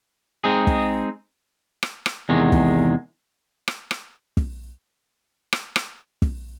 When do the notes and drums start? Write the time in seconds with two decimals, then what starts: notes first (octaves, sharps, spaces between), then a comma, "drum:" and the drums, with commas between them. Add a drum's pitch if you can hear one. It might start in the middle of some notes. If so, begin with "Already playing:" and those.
0.44 G#3 C4 D#4 G#4
0.67 drum: kick
1.83 drum: rim click
2.06 drum: rim click
2.29 E2 C3 D#3 G#3
2.52 drum: kick
3.68 drum: rim click
3.91 drum: rim click
4.37 drum: kick
5.53 drum: rim click
5.76 drum: rim click
6.22 drum: kick